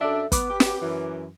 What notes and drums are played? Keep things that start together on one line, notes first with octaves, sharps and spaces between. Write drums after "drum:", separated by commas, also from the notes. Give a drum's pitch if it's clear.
F#2 D4 A4 E5
B3 B4 D6, drum: kick, hi-hat
G4
drum: snare
F#2 E3